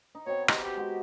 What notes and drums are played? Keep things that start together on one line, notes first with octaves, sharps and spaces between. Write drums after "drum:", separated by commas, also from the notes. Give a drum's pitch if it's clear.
D#4
B2 C4 C#5
G4 D#5, drum: rim click
G4
G#3 F#4